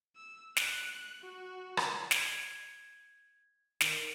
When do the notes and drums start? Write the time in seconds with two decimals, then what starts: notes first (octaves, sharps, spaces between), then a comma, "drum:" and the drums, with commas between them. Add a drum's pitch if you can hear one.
0.16 E6
0.57 F#6, drum: snare
1.22 F#4
1.77 drum: rim click
2.11 G#6, drum: snare
3.81 D#3, drum: snare